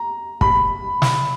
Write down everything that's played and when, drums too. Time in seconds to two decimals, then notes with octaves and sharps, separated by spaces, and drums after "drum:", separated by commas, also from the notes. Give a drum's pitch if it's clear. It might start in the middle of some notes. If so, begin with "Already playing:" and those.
Already playing: A#5
0.41 B5, drum: kick
1.02 drum: snare